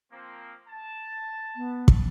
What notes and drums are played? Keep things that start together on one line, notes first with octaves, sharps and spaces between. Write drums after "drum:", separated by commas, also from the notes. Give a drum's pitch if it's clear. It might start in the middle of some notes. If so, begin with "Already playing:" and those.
F3 A#3 C4
A5
B3
drum: kick